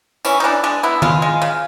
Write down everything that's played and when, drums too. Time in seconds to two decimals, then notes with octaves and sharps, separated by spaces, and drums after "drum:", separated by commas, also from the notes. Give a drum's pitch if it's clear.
0.25 E3 C#4, drum: tambourine
0.40 D#4
0.44 E3 D4
0.64 G#3 D4
0.83 B3 E4
1.02 G#3 F4, drum: tom D#3
1.22 G#3
1.42 C#3